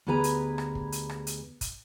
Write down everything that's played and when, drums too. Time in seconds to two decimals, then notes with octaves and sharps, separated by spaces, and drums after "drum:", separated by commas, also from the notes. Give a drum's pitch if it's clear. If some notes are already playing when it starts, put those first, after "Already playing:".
0.07 D2 B3 G4 G#4 B4 A#5
0.24 drum: hi-hat
0.58 drum: rim click
0.75 drum: kick
0.92 drum: hi-hat
1.09 drum: rim click
1.27 drum: hi-hat
1.61 drum: kick, hi-hat